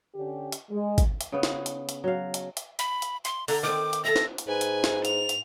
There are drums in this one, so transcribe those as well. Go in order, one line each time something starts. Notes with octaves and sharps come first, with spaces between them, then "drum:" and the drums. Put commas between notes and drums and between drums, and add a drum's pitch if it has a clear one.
D3 C#4 G4
drum: hi-hat
G#3
drum: kick, hi-hat
drum: hi-hat
C#3 B3
drum: snare
drum: hi-hat
drum: hi-hat
F#3 F5
drum: hi-hat
drum: hi-hat
B5, drum: hi-hat
drum: hi-hat
C6, drum: hi-hat
D3 A#5, drum: open hi-hat
D#3 C4 D6
drum: hi-hat
A4 E5 A#6
drum: snare
drum: hi-hat
G#2 B4 G#5
drum: hi-hat
drum: snare
F7, drum: hi-hat
drum: hi-hat